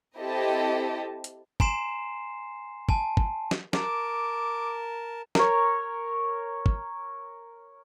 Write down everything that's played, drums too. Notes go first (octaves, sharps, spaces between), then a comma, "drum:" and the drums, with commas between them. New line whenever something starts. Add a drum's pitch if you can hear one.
C4 E4 G4 A4 D#5 A5
drum: hi-hat
G#5 A#5 C6 C7 E7, drum: kick
G#5 A5, drum: kick
drum: kick
drum: snare
A#4 A5 D6, drum: snare
A#4 C#5, drum: snare
drum: kick